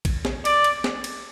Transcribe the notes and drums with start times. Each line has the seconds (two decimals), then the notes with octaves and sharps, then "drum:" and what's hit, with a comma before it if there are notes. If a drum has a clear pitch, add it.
0.05 drum: kick A#1, cymbal
0.25 drum: snare
0.45 D5, drum: cymbal
0.64 drum: cymbal
0.84 drum: snare
1.04 drum: cymbal